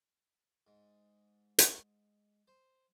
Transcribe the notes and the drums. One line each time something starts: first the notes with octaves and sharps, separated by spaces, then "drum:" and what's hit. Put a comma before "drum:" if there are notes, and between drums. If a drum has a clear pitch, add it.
G#2
drum: hi-hat
C5